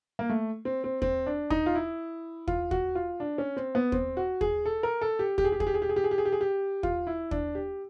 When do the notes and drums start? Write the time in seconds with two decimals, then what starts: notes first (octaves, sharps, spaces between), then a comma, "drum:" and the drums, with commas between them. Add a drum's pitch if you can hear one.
0.19 A#3
0.29 A3
0.65 C4
0.84 C4
1.02 C4, drum: kick
1.27 D4
1.50 D#4, drum: kick
1.66 F4
1.75 E4
2.48 F4, drum: kick
2.71 F#4, drum: kick
2.95 F4
3.20 D4
3.38 C#4
3.57 C4
3.75 B3
3.92 C4, drum: kick
4.17 F#4
4.41 G#4, drum: kick
4.65 A4
4.83 A#4
5.01 A4
5.19 G4
5.38 G4, drum: kick
5.44 G#4
5.52 G4
5.60 G#4, drum: kick
5.67 G4
5.74 G#4
5.82 G4
5.89 G#4
5.96 G4
6.04 G#4
6.11 G4
6.18 G#4
6.25 G4
6.32 G#4
6.41 G4
6.83 F4, drum: kick
7.07 E4
7.31 D4, drum: kick
7.55 G4